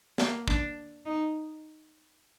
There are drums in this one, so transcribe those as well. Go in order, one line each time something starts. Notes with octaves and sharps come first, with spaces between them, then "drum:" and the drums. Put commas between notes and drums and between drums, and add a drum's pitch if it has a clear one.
A#3, drum: snare
D4, drum: kick
D#4